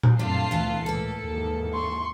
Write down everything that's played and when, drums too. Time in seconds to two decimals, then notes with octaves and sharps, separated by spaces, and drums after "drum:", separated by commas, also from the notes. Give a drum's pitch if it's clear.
0.03 drum: tom A#2
0.19 F#2 D3 G3 A3 C4 F4 A5 C7
0.51 D2 E3 B3
0.86 C#2 A2 A#3 A4 B4
1.25 D#2 G#2 E3
1.73 C6 C#6